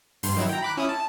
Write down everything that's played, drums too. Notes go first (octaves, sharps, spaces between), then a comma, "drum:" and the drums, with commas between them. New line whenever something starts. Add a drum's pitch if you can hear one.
G2 C6, drum: open hi-hat
D#3 F#3 E4
G5 A#5
B5 D6 F#6
C#4 E4 D#6
A5